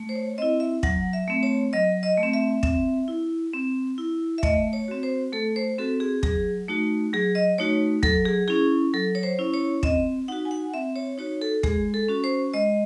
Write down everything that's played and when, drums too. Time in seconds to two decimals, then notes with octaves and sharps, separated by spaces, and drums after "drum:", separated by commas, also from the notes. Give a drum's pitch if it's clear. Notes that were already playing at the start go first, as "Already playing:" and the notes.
Already playing: A3
0.09 C5
0.15 C#5
0.38 C4 E4 D#5
0.60 E5
0.83 F#3 F#5, drum: kick
1.13 E5
1.28 A3 C4
1.43 C#5
1.73 F#3 D#5
2.03 D#5
2.17 A3
2.23 C4
2.33 E5
2.63 C4, drum: kick
3.08 E4
3.53 C4
3.98 E4
4.38 E5
4.43 A3 D#5, drum: kick
4.73 C#5
4.88 C4 F#4
5.03 C5
5.33 A3 A4
5.56 C5
5.78 C4 F#4 A4
6.00 G#4
6.23 F#3 G#4, drum: kick
6.68 A3 D#4 F#4
7.13 F#3 G#4
7.35 D#5
7.58 A3 D#4 F#4 C#5
8.03 F#3 A4, drum: kick
8.25 G#4
8.48 C#4 E4 G#4
8.93 F#3 A4
9.15 C#5
9.23 C5
9.39 C#4 E4
9.54 C#5
9.83 C4 D#5, drum: kick
10.28 D#4 F#4 F#5
10.45 G#5
10.51 F#5
10.74 C4 E5
10.96 C#5
11.18 D#4 F#4 C#5
11.41 A4
11.63 G#3 G#4, drum: kick
11.94 A4
12.08 C#4 F#4
12.24 C5
12.53 G#3 D#5